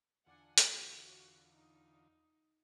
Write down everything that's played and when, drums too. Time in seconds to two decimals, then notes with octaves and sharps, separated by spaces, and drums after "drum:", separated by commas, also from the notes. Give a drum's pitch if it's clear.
0.26 E2 D3 D4 F4 F#5 G#5
0.58 F#4, drum: hi-hat
1.54 D#4